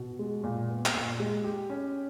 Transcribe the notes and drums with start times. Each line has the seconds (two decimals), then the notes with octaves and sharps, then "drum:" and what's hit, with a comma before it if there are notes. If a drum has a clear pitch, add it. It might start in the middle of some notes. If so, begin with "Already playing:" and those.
Already playing: B2
0.19 G#3
0.44 A#2
0.69 B3
0.85 drum: clap
0.95 A#2
1.20 G#3
1.44 G4
1.70 C#4